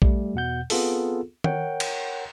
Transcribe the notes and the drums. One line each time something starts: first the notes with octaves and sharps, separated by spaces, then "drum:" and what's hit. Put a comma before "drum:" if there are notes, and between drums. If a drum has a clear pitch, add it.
G3 A3, drum: kick
E2 B2 F#5 G6
B3 C4 F4 G#4 A4, drum: open hi-hat
A#4 C#5 F#5 G5, drum: tom D#3
drum: cymbal